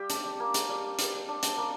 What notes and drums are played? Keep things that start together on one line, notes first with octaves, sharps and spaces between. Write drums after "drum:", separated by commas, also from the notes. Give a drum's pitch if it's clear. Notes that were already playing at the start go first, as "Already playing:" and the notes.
Already playing: G3 G4 G5
D4, drum: hi-hat
A#3
drum: hi-hat
G3
G3, drum: hi-hat
D4
drum: hi-hat
A#3